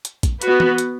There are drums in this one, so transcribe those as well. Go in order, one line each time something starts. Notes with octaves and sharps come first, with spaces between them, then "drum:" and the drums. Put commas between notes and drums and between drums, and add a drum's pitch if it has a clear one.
drum: hi-hat
drum: kick, hi-hat
B3 F#4 B4, drum: hi-hat
drum: tom
drum: hi-hat